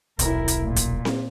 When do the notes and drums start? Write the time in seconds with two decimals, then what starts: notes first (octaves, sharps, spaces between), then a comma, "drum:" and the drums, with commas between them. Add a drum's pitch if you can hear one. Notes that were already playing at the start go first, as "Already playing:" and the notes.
0.19 D#1 B1 E4 A#4, drum: hi-hat
0.48 drum: hi-hat
0.65 A#2
0.76 drum: kick, hi-hat
1.05 drum: snare C4